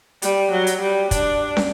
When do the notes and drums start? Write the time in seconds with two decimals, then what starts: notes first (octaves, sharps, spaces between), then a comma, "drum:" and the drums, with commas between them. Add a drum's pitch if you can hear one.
0.22 G3, drum: hi-hat
0.51 F#3
0.67 drum: hi-hat
0.81 G3
1.11 D4, drum: kick, hi-hat
1.57 drum: snare